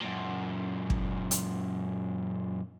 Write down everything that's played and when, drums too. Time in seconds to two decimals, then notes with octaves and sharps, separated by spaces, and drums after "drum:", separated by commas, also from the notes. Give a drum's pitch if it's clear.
0.01 F#2 A#2
0.90 drum: kick
1.31 drum: hi-hat